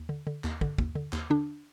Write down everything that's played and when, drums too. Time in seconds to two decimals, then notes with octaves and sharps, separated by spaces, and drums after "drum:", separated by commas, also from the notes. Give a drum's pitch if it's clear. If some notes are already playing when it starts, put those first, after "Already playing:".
Already playing: D#2
0.09 D3
0.27 D3
0.44 D#2, drum: clap
0.61 D3, drum: kick
0.78 D#2, drum: kick
0.95 D3
1.13 D#2, drum: clap
1.30 D3 D4